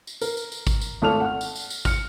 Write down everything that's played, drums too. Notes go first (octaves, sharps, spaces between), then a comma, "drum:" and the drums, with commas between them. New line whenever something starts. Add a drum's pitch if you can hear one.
drum: tambourine
A#4, drum: tambourine
drum: tambourine
drum: tambourine
drum: kick, tambourine
drum: tambourine
G#1 A3 A4 F6 F7
F#5 F6
drum: tambourine
drum: tambourine
drum: tambourine
F6 C#7, drum: kick, tambourine